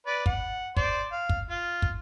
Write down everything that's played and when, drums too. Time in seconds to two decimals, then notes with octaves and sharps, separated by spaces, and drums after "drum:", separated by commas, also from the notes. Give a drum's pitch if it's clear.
0.07 B4 D5
0.26 F#5, drum: kick
0.77 C5 D5, drum: kick
1.12 F5
1.29 drum: kick
1.50 F4
1.82 drum: kick